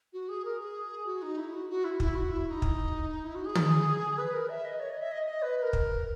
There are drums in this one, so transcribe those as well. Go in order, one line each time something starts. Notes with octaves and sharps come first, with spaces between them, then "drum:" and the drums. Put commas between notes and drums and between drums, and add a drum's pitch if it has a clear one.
F#4
G#4
A#4
G#4
F#4
D#4
E4
F#4
F#4
E4
E4, drum: kick
F#4
E4
E4
D#4
drum: kick
E4
F#4
G#4
drum: tom
B4
A#4
E5
D#5
C#5
D#5
E5
D#5
D#5
B4
B4
A#4
drum: kick